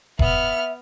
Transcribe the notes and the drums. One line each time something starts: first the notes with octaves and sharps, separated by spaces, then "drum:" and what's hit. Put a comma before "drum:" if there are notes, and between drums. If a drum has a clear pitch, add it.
B3 E5 F6, drum: kick E1